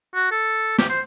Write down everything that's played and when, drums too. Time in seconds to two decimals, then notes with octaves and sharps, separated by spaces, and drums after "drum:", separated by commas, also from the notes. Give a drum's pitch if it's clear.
0.15 F#4
0.31 A4
0.78 G4, drum: snare
0.89 C5